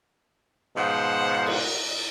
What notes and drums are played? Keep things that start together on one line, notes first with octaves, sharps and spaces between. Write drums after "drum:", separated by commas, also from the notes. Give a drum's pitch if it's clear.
G#2 B2 F3 C5 F#5
drum: cymbal